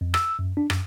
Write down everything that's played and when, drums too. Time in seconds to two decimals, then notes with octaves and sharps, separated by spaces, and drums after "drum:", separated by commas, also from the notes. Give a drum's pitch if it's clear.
0.01 F2
0.14 E6, drum: rim click
0.39 F#2
0.57 D4
0.70 F#2, drum: rim click